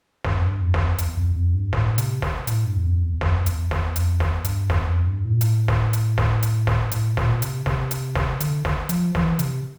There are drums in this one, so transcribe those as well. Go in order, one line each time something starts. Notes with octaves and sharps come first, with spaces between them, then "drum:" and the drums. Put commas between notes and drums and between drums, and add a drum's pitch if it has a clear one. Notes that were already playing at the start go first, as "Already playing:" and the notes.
G2, drum: snare
F2
G2
F2
drum: snare
E2, drum: hi-hat
F2
F2
G2
A2, drum: snare
C3, drum: hi-hat
drum: snare
A2, drum: hi-hat
G2
E2
F2
E2
E2
F2, drum: snare
F2
E2, drum: hi-hat
E2, drum: snare
F2, drum: hi-hat
E2, drum: snare
G2, drum: hi-hat
E2, drum: snare
F2
G2
A2
A#2
A2, drum: hi-hat
drum: snare
drum: hi-hat
drum: snare
drum: hi-hat
drum: snare
A2, drum: hi-hat
A#2, drum: snare
C3, drum: hi-hat
C3, drum: snare
drum: hi-hat
drum: snare
D3, drum: hi-hat
drum: snare
F3, drum: hi-hat
E3, drum: snare
C3, drum: hi-hat